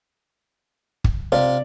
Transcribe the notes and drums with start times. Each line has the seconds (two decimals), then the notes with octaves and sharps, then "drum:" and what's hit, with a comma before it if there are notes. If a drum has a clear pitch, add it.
1.04 drum: kick
1.32 C3 F4 D5